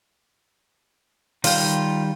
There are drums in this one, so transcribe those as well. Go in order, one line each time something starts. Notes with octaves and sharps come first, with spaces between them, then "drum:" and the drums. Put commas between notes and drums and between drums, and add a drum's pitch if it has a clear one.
D#3 G3 F4 G5, drum: open hi-hat